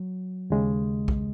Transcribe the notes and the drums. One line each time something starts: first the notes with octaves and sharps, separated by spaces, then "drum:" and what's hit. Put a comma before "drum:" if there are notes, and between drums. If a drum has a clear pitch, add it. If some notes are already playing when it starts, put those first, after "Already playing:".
Already playing: F#3
D#2 C#3 G#3
drum: kick